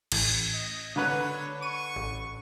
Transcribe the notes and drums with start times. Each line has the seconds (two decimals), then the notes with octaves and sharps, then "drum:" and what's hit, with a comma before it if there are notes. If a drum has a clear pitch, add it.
0.12 A1, drum: cymbal
0.54 D#5
0.96 D3 B4 C#5 F#6
1.62 C#6 D#7
1.96 A1